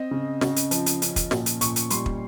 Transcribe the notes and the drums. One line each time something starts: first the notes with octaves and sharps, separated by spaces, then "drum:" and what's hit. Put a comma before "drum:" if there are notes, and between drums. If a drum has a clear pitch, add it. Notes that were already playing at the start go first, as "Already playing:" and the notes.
Already playing: C4 D#5
C#3
C#3, drum: snare
drum: hi-hat
F3, drum: hi-hat
drum: hi-hat
C#4, drum: hi-hat
drum: kick, hi-hat
A#2, drum: snare
drum: hi-hat
A#2 C#6, drum: hi-hat
drum: hi-hat
G3 C6, drum: hi-hat
drum: kick